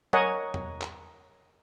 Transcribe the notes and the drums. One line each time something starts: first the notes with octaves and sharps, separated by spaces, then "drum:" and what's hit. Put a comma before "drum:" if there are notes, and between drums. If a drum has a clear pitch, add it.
A#4 C#5 D#5 F#5 G#5, drum: tom F#3
drum: tom E2
drum: clap